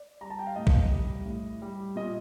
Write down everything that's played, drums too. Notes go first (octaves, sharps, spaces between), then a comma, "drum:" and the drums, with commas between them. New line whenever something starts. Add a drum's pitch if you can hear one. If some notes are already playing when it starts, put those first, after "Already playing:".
Already playing: D5
G3 A#5
A5
G5
F5
A2 D#5
drum: kick A#1
G3
A2
G3
A#2 D#5